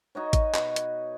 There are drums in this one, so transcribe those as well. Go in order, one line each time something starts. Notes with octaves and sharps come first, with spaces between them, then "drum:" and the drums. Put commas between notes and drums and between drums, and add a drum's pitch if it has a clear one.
D#4 F#4 C#5
drum: kick G#1, hi-hat
B2, drum: clap
drum: hi-hat